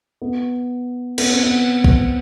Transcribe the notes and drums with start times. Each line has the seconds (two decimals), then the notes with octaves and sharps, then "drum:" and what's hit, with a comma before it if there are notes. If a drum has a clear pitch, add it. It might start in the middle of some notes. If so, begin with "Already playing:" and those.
0.22 B3
1.18 B3, drum: cymbal
1.31 C4
1.43 B3
1.84 drum: kick